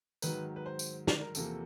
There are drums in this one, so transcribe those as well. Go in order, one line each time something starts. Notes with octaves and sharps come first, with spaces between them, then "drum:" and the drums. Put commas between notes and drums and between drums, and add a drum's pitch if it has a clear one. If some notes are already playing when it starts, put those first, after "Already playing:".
G#2 D#3 F#3 B4, drum: tambourine
B4
C5
drum: tambourine
D5, drum: snare
A#4
E2 C3 F3 A#3 A4, drum: tambourine